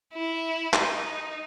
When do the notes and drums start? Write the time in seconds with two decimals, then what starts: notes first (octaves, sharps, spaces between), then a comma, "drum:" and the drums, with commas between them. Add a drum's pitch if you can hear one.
0.14 E4
0.73 D#4, drum: clap